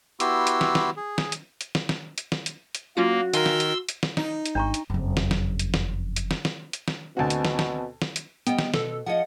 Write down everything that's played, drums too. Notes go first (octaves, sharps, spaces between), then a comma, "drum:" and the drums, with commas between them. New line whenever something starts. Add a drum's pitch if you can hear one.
B3 E4 F#4 G4 C6 E6, drum: hi-hat
drum: hi-hat
drum: snare
drum: snare
G#4
drum: snare
drum: hi-hat
drum: hi-hat
drum: snare
drum: snare
drum: hi-hat
drum: snare
drum: hi-hat
drum: hi-hat
F#3 A#3 C#4 F4 F#4
D#3 A#4 F5 G#5 C6 E6, drum: hi-hat
drum: snare
drum: hi-hat
drum: hi-hat
drum: snare
D#4, drum: snare
drum: hi-hat
G#1 D4 A#5 C#6
drum: hi-hat
F#1 F2
drum: snare
drum: snare
drum: hi-hat
drum: snare
drum: hi-hat
drum: snare
drum: snare
drum: hi-hat
drum: snare
D2 B2 C4 F#4 G#5 A5
drum: hi-hat
drum: snare
drum: snare
drum: snare
drum: hi-hat
G3 B3 D#5 G5, drum: hi-hat
drum: snare
B2 A4, drum: snare
F3 G#4 D#5 F#5